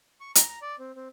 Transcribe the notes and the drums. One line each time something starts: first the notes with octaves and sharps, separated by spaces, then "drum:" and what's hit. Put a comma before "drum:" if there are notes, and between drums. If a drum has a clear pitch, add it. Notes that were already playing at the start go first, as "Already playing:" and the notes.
C#6
A#5, drum: hi-hat
A#5
D5
C4
C4